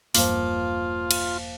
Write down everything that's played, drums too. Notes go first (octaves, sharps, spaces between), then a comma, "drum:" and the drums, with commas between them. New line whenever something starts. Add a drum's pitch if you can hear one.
E1 G2 F3 A#3 F4, drum: open hi-hat
drum: cymbal